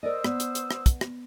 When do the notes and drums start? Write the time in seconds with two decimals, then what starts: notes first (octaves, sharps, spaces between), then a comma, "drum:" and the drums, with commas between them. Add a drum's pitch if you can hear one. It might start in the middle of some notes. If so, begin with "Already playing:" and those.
0.03 A#4 C5 D5 D#5 D#6 E6
0.24 B3, drum: rim click
0.40 drum: hi-hat
0.55 drum: hi-hat
0.71 drum: rim click
0.86 drum: kick, hi-hat
1.01 drum: rim click